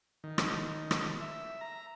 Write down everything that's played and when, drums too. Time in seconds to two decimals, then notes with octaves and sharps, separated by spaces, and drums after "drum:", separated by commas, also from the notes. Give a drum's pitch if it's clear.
0.24 D#3
0.38 drum: rim click
0.91 drum: rim click
1.21 E5
1.61 A#5